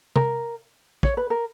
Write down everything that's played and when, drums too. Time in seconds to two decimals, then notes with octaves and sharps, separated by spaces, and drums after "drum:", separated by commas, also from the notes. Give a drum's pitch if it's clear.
0.16 A#4, drum: tom
1.03 C#5, drum: kick
1.17 B4
1.30 A#4